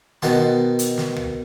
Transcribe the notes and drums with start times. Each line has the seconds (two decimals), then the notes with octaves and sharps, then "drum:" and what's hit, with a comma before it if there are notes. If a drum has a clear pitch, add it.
0.22 B2 D#3 F#5 A5 C6, drum: snare
0.79 drum: hi-hat
0.98 drum: snare
1.16 drum: tom